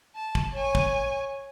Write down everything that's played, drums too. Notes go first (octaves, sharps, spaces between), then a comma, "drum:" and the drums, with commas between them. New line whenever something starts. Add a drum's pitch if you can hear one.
A5
drum: kick
C#5 G#5
drum: kick